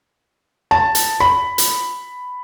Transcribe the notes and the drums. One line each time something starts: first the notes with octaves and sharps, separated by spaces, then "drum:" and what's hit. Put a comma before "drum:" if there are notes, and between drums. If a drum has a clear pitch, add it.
A5
drum: hi-hat
B5
drum: hi-hat